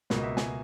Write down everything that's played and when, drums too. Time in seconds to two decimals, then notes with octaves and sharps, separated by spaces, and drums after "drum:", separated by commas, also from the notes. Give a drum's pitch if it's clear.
0.10 C#2 B2 A#3, drum: snare
0.18 D#5
0.23 E5
0.37 G#5, drum: snare